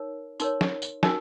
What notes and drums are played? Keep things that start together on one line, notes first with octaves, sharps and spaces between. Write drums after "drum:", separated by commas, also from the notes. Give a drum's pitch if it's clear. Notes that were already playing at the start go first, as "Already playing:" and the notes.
Already playing: D#4 A#4 C#5
D#4 A#4 C#5 C6, drum: tambourine
drum: snare
drum: tambourine
D#4 F#4 A#4 G#5, drum: snare